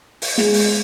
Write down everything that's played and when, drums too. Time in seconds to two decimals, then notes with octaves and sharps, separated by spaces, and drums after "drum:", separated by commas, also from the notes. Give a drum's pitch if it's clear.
0.22 drum: open hi-hat
0.38 G#3, drum: snare
0.54 drum: open hi-hat